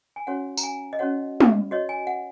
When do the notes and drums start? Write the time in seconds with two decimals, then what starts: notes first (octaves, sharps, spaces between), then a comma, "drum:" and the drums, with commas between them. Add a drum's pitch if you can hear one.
0.16 G#5
0.27 C#4 F#4 C#5 F#5
0.57 A#5, drum: tambourine
0.63 G#5
0.93 D#5
0.99 C#4 F#4 C#5 F#5
1.40 drum: tom
1.71 F#4 C#5 D#5
1.89 G#5
2.07 F#5